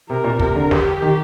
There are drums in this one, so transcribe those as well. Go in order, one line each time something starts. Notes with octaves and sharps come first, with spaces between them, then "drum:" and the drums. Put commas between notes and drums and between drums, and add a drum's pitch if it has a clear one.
C3 A#4
A#2
C3 A#4, drum: kick
D3
G4, drum: snare
D#3